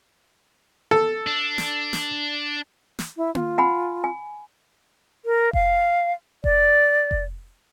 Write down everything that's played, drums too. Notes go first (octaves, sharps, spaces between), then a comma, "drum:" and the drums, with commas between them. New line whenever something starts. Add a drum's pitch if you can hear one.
A4
D4
drum: snare
drum: snare
drum: snare
E4
F4, drum: tom A#3
F#5 G#5 B5
G#5
A#4
F5, drum: kick F1
D5, drum: kick F1
drum: kick F1